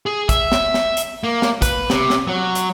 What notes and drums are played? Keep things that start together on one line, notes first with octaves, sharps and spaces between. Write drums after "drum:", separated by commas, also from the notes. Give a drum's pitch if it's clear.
G#4
E5, drum: kick, hi-hat
drum: snare
drum: snare
drum: hi-hat
A#3
drum: snare
B4, drum: kick, hi-hat
C3, drum: snare
drum: snare
F#3
drum: hi-hat